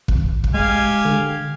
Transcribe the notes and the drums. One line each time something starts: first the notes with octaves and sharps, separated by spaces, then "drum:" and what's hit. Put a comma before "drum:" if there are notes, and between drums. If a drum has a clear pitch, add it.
G#1, drum: kick
drum: kick
G#3 G4 F5 G#5
D3